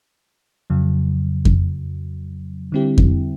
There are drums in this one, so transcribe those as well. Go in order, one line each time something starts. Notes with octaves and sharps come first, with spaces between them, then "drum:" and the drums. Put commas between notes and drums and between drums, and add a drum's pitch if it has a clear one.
F2 C#3 F#3
drum: kick F2
D3 G3 C4 E4 G4
drum: kick F2